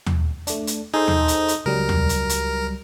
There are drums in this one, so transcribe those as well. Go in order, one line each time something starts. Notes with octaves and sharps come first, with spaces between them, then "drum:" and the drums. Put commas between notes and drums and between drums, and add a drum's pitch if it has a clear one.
drum: tom D#2
A3 D4, drum: hi-hat
drum: hi-hat
D#4 G#4 A4 C5
drum: tom D#2
drum: hi-hat
drum: hi-hat
C#2 F#3 G3 A#4
drum: tom D#2
drum: hi-hat
drum: hi-hat